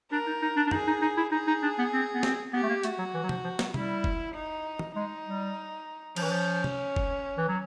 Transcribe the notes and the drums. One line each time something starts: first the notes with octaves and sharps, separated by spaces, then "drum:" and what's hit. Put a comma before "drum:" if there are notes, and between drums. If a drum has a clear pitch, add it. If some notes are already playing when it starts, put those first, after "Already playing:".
D4 A#4
D#4
D#4
D4
D4
D#4 G#4, drum: tom
D#4
D#4
E4
D#4 G#4
D#4
D4
B3
C4
B3
C4, drum: snare
B3 G4
A3
A#3
A3 F#4, drum: hi-hat
F#3
E3
F#3
F3, drum: tom
F3
F#3, drum: snare
G3 E4, drum: tom
drum: kick F1
D#4
drum: tom
G#3 D#4
G3
F3 C#4, drum: cymbal
E3
F3
drum: tom
drum: kick F1
E3
F#3